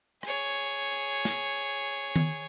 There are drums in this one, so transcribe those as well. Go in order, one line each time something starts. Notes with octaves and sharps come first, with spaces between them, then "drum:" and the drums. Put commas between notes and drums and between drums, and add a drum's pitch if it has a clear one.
G#4 C#5, drum: rim click
drum: snare
drum: tom D#3